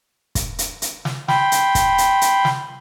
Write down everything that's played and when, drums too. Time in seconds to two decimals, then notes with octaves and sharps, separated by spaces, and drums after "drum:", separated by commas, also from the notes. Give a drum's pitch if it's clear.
0.35 drum: kick, hi-hat
0.59 drum: hi-hat
0.82 drum: hi-hat
1.05 drum: snare
1.28 G5 B5 C6, drum: snare
1.52 drum: hi-hat
1.75 drum: kick, hi-hat
1.98 drum: hi-hat
2.21 drum: hi-hat
2.45 drum: snare